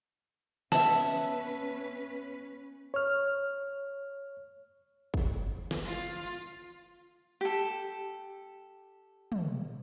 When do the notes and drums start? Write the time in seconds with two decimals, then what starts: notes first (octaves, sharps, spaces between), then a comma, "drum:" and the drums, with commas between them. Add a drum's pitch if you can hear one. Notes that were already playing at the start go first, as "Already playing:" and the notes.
0.72 B3 C#4 B4 E5 F#5 A5, drum: snare
2.94 C#5 F6
5.14 drum: kick
5.71 drum: snare
5.85 F4, drum: tambourine
7.41 G4 A4
9.32 drum: tom